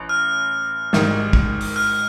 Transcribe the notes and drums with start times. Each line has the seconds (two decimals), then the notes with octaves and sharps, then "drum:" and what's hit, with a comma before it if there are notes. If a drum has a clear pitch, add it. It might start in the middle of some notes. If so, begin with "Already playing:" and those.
Already playing: A1
0.09 F6
0.93 G#1 G#2 D#3 G3, drum: snare
1.33 drum: kick
1.61 drum: open hi-hat
1.76 F6